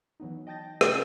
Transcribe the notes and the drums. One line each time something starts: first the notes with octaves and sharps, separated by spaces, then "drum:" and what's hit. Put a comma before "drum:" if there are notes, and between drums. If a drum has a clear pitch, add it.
E3 F#3 B3 D#4
D#5 G5 A5 G6 A6 A#6
C3 C#4 D#5 G#5 E7, drum: rim click